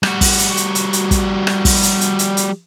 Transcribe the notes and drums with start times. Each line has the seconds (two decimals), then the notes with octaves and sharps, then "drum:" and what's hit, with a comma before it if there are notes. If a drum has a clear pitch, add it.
0.03 G3 F#4, drum: rim click
0.21 drum: kick, open hi-hat
0.39 drum: hi-hat
0.57 drum: hi-hat
0.75 drum: hi-hat
0.93 drum: hi-hat
1.11 drum: kick, hi-hat
1.47 drum: rim click
1.65 drum: kick, open hi-hat
1.83 drum: hi-hat
2.01 drum: hi-hat
2.19 drum: hi-hat
2.37 drum: hi-hat